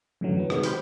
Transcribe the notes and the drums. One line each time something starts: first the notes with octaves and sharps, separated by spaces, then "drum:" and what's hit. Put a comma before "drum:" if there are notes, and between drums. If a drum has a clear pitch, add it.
F#2 A2 D3 E3 F#3
F#3 B3
C3 D#3 G#3 B3, drum: rim click
G4 C5 G5 B5 F6, drum: open hi-hat